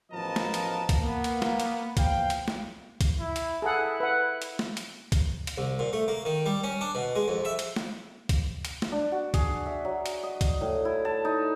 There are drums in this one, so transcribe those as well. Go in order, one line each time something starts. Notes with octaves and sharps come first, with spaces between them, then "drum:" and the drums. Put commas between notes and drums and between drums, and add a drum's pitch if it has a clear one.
A1 F3 B3 A#4 D#5 A5
drum: snare
drum: hi-hat
drum: kick B1, hi-hat
A#3 B3
drum: hi-hat
drum: snare
drum: hi-hat
E2 F3 F5 G5, drum: kick B1, hi-hat
drum: hi-hat
drum: snare
drum: kick B1, hi-hat
E4
drum: hi-hat
E4 G#4 A4 F#5
B4 F#5
drum: hi-hat
drum: snare
drum: hi-hat
drum: kick B1, hi-hat
drum: hi-hat
C2
A#2
A3
A#3
D#3
G3
C#4
D4
B2
G#3
F2
E5
drum: hi-hat
drum: snare
drum: kick B1, hi-hat
drum: hi-hat
drum: snare
D4
F#4
G#4, drum: kick B1, hi-hat
E5
F#3
drum: hi-hat
D#5
drum: kick B1, hi-hat
A2
E4
A5
D#4